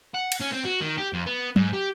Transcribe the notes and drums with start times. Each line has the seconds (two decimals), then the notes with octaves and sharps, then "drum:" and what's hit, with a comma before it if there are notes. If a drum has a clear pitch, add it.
0.15 F#5
0.32 drum: cymbal
0.41 C#4
0.53 C4
0.65 F#4
0.81 D#3
0.98 G4
1.13 F2
1.26 B3
1.56 G#2, drum: tom F#3
1.73 G4